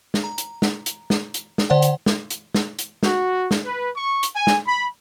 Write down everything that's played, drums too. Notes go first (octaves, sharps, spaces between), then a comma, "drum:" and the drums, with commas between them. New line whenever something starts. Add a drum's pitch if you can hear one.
drum: snare
A#5
drum: hi-hat
drum: snare
drum: hi-hat
drum: snare
drum: hi-hat
drum: snare
D3 C5 D5 F#5
drum: hi-hat
drum: snare
drum: hi-hat
drum: snare
drum: hi-hat
F#4, drum: snare
drum: snare
B4
C#6
drum: hi-hat
G#5
drum: snare
B5